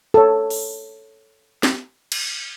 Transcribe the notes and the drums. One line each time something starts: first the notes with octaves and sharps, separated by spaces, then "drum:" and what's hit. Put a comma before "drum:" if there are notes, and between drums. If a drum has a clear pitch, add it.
A4 C#5
drum: open hi-hat
drum: snare
drum: cymbal